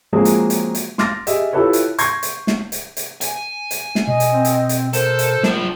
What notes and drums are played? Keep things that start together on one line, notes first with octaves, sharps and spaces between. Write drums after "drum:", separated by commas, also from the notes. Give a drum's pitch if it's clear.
F3 F#3 G#3 A#3 C4 G#4
drum: hi-hat
drum: hi-hat
drum: hi-hat
C6 D6 F6 A6 A#6, drum: snare
G4 G#4 D#5 E5, drum: hi-hat
E4 F4 G4 A4 B4 C#5
drum: hi-hat
C6 C#6 G6 G#6 A#6 C7, drum: hi-hat
drum: hi-hat
drum: snare
drum: hi-hat
drum: hi-hat
G#5, drum: hi-hat
drum: hi-hat
drum: snare
B2 D#5
drum: hi-hat
C4
drum: hi-hat
drum: hi-hat
A4 A#4 C5, drum: hi-hat
drum: hi-hat
F3 F#3 D4, drum: snare